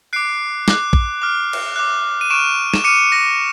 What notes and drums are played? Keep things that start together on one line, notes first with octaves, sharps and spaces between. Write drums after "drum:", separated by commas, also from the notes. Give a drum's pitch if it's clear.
D6 F#6 C7 D7
D6 F#6, drum: snare
drum: kick A#1
D6 F6
drum: cymbal
D6 F#6
D#7
C#6 F6 D7 E7
E7, drum: snare
D6 F6 C#7 D#7
A#6